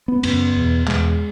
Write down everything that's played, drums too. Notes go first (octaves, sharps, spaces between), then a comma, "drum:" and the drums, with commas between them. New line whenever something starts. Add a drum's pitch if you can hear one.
B3
F#2 C#3 B3, drum: cymbal
E2 B2
E2 B2 G#3, drum: clap